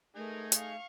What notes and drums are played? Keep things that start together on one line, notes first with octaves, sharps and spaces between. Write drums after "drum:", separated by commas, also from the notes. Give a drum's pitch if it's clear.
A3 D#4 G#4 A#4 B4 G#5
F5 C#6, drum: hi-hat